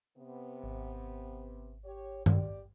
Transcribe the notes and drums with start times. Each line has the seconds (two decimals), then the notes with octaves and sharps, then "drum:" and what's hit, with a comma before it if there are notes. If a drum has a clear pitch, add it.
0.17 C3 B3
0.64 G#1
1.84 G4 C#5
2.26 G4 D5, drum: tom G2